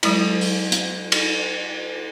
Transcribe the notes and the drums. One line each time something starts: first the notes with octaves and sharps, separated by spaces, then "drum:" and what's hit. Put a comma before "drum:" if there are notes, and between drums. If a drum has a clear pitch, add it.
F#3 G#3 E4, drum: cymbal
drum: open hi-hat
drum: hi-hat
drum: cymbal